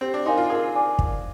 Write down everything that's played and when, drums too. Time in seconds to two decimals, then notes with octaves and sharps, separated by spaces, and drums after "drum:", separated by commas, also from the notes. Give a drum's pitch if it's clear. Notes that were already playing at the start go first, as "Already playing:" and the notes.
0.01 C4 G4
0.14 D4
0.26 D#4 A#4 F5 G#5 C6
0.37 F4
0.50 G#4 A#4
0.75 D5 G#5 D6
0.99 F4, drum: kick